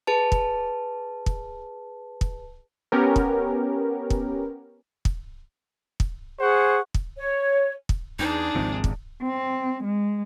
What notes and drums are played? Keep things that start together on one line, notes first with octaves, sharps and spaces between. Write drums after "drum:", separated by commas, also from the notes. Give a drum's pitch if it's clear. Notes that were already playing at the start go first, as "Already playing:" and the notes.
G#4 B4 A5
drum: kick
drum: kick
drum: kick
B3 C#4 G4 A#4
drum: kick
drum: kick
drum: kick
drum: kick
G#4 C5 F#5 C#6
drum: kick
C#5
drum: kick
E2 D4 D#4 G#4
G#1 D#2 G#2 C3 F3 C4
drum: kick
C4
G#3